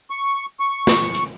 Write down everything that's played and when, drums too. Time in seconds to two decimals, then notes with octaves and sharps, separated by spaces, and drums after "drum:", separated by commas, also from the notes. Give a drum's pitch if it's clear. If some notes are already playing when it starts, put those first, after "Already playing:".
0.10 C#6
0.60 C#6
0.87 drum: snare
1.15 drum: hi-hat